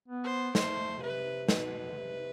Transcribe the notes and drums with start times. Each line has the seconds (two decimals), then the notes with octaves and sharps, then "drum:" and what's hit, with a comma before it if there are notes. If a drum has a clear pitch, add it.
0.08 B3
0.24 C5
0.55 A3 C5, drum: snare
0.98 B2
1.02 C3 B4
1.49 B2 B4, drum: snare
1.90 D3
1.96 C3